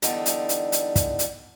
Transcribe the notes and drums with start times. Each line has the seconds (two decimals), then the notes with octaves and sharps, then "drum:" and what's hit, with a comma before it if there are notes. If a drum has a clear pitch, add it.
0.02 E2 D3 G3 D#4 A4, drum: hi-hat
0.26 drum: hi-hat
0.49 drum: hi-hat
0.72 drum: hi-hat
0.96 drum: kick, hi-hat
1.19 drum: hi-hat